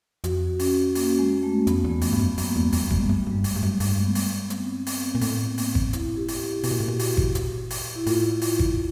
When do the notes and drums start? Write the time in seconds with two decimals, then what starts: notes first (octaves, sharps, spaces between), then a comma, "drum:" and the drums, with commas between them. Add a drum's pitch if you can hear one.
0.24 F2 F#4, drum: hi-hat
0.59 C#4, drum: open hi-hat
0.95 A#3, drum: open hi-hat
1.19 G#3
1.43 A3
1.67 F2 B3, drum: hi-hat
1.84 E2
1.90 A3
2.01 F2, drum: open hi-hat
2.13 G2 B3
2.19 F#2
2.38 F#2 A#3, drum: open hi-hat
2.55 E2 G#3
2.72 F2 G3, drum: open hi-hat
2.90 F#2 G#3, drum: kick
3.09 F#2 A3
3.27 G2
3.32 G3
3.44 drum: open hi-hat
3.56 G2 G3
3.62 F#2
3.72 G#3
3.80 G2 A3, drum: open hi-hat
4.04 B3
4.15 drum: open hi-hat
4.27 B3
4.50 C4, drum: hi-hat
4.57 B3
4.65 C4
4.87 B3, drum: open hi-hat
5.13 A#2 A#3
5.21 A2 A3, drum: open hi-hat
5.58 A#3, drum: open hi-hat
5.75 drum: kick
5.93 E4, drum: hi-hat
6.17 G4
6.28 drum: open hi-hat
6.40 G4
6.63 B2 F#4, drum: open hi-hat
6.72 A#2
6.80 A2
6.88 A#2
6.99 drum: open hi-hat
7.17 drum: kick
7.35 drum: hi-hat
7.70 drum: open hi-hat
7.95 E4
8.07 A2 F4, drum: open hi-hat
8.42 drum: open hi-hat
8.59 drum: kick